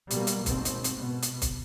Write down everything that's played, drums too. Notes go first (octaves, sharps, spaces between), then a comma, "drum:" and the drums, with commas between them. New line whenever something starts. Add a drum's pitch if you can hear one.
B2 G3 A#3, drum: hi-hat
drum: hi-hat
G#1 B2 C4, drum: kick, hi-hat
drum: hi-hat
drum: hi-hat
B2
drum: hi-hat
drum: kick, hi-hat